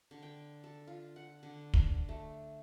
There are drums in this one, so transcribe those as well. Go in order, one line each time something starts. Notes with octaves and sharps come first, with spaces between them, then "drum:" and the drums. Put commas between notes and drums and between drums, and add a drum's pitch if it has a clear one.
D3
G5
A4
F4
F#5
D3
drum: kick
A3